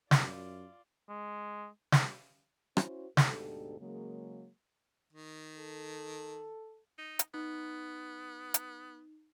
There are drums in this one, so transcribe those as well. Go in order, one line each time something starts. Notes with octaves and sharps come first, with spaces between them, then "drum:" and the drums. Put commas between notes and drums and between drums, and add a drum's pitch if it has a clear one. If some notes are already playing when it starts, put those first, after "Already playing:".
F#2 F4 D5, drum: snare
G#3
drum: snare
C#4 E4 F#4 C5, drum: rim click
D2 G#2 B2 D4 G4 A4, drum: snare
C#3 F#3 G#3 A#3
D#3
A4
D#4
drum: hi-hat
B3 D#4
drum: hi-hat